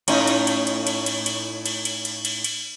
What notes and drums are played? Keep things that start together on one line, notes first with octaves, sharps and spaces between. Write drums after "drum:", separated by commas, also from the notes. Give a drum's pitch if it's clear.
A2 C#4 D#4, drum: cymbal
drum: cymbal
drum: cymbal
drum: cymbal
drum: cymbal
drum: cymbal
drum: cymbal
drum: cymbal
drum: cymbal
drum: cymbal
drum: cymbal
drum: cymbal